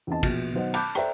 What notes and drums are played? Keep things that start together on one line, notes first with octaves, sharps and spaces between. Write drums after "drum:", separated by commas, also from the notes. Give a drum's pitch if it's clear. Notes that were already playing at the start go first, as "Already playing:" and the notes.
E2 C4 C#4 D#5 A5
A#1 B2 F#4, drum: kick, cymbal
B2 D#3 F#3 C5 D#5 F#5
A5 B5 D6 F#6 G6, drum: cymbal
A4 C5 D5 E5 G5 A#5, drum: rim click